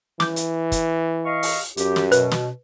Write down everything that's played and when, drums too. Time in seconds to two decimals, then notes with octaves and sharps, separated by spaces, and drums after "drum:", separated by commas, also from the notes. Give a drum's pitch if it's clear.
0.20 E3 D6 G6, drum: snare
0.36 drum: hi-hat
0.72 drum: kick, hi-hat
1.25 D#5 F5 C#6
1.43 drum: open hi-hat
1.77 F#2 G4, drum: hi-hat
1.96 drum: snare
2.12 B2 B4, drum: hi-hat
2.31 drum: snare